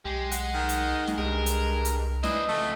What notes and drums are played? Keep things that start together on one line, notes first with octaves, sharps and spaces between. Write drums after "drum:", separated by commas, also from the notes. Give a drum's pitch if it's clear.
B1 G#3 G4
F#5, drum: hi-hat
D#3
drum: hi-hat
drum: snare
C2 G2 G#3 A#4
drum: hi-hat
drum: hi-hat
E3 D4 C5 D#5, drum: snare
F2 C#3 A3